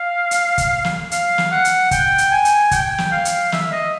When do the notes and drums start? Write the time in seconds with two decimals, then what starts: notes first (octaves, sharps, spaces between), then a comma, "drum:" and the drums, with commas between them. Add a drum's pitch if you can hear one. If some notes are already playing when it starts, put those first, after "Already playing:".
Already playing: F5
0.31 drum: hi-hat
0.58 drum: kick, hi-hat
0.84 drum: snare
1.11 F5, drum: hi-hat
1.38 drum: snare
1.51 F#5
1.65 drum: hi-hat
1.91 G5, drum: kick, hi-hat
2.18 drum: hi-hat
2.31 G#5
2.45 drum: hi-hat
2.71 G5, drum: kick, hi-hat
2.98 drum: snare
3.12 F5
3.25 drum: hi-hat
3.52 E5, drum: snare
3.72 D#5